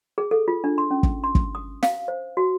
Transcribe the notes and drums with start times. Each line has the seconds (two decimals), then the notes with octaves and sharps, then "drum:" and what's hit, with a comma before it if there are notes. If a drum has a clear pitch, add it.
0.18 G#4
0.31 A4
0.48 F4
0.64 D4
0.78 C6
0.91 C#4
1.03 drum: kick
1.24 C6
1.35 drum: kick
1.55 D#6
1.83 F5, drum: snare
2.08 C5
2.37 F#4